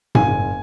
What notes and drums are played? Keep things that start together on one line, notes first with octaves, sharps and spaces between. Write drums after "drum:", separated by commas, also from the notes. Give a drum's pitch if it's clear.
F#1 G#5, drum: tom G#2